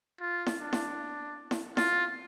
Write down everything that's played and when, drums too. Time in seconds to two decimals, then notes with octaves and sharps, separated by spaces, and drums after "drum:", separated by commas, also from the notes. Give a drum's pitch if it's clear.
0.20 F4
0.46 drum: snare E4
0.59 D4
0.73 drum: snare E4
1.51 drum: snare E4
1.77 F4, drum: snare E4